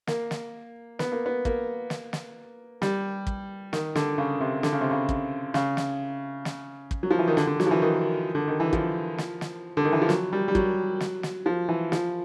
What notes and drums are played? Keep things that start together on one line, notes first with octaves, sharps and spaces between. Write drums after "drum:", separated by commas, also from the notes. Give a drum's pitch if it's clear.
A#3, drum: snare
drum: snare
B3, drum: snare
A#3
B3
A#3, drum: kick
drum: snare
drum: snare
G3, drum: snare
drum: kick
D#3, drum: snare
D3, drum: snare
C#3
C3
D3, drum: snare
C#3
C3
C#3
drum: kick
C#3, drum: snare
drum: snare
drum: snare
drum: kick
F#3
F3
E3
D#3
D3, drum: snare
D3
F#3, drum: snare
F3
E3
D#3
D3
D#3
E3
F3, drum: kick
drum: snare
drum: snare
D3
D#3
E3
F3
F#3, drum: snare
G3
G3
F#3, drum: kick
drum: snare
drum: snare
F3
E3
F3, drum: snare